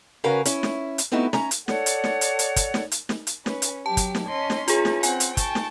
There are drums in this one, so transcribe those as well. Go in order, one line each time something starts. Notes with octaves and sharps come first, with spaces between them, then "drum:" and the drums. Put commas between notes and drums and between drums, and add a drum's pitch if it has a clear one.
C#3 C#4 F#4 A#4 B4 F5
C#4 E4, drum: hi-hat
drum: snare
drum: hi-hat
A3 B3 C4 D#4 E4 F#4
C#4 A#5, drum: snare
drum: hi-hat
A4 C#5 D5 F#5, drum: snare
drum: hi-hat
drum: snare
drum: hi-hat
drum: hi-hat
drum: kick, hi-hat
drum: snare
drum: hi-hat
drum: snare
drum: hi-hat
C#4 B4, drum: snare
drum: hi-hat
F#3 G4 A5
drum: kick, hi-hat
drum: snare
C#4 D#5 C6
drum: snare
E3 C#4 F4 G#4, drum: hi-hat
drum: snare
C4 F#5 G#5, drum: hi-hat
drum: hi-hat
G5 A5 C#6, drum: kick, hi-hat
drum: snare